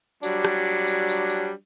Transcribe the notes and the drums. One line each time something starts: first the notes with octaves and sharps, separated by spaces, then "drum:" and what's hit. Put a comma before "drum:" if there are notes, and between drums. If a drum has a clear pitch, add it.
F#3 G3 D4, drum: tambourine
drum: rim click
drum: tambourine
drum: tambourine
drum: tambourine